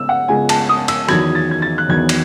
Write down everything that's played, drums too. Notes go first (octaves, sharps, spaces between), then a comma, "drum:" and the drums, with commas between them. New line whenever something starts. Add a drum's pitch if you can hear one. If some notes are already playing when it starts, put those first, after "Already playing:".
Already playing: C#3 G#3 B3 E6
F#5
C#2 C#3 G#3 B3 G#5
A5, drum: cymbal
D#6
E6, drum: cymbal
E2 D#3 F#3 B3 G#6, drum: rim click
A6
G#6
A6
F#6
E2 D#3 F#3 B3 G#6
drum: cymbal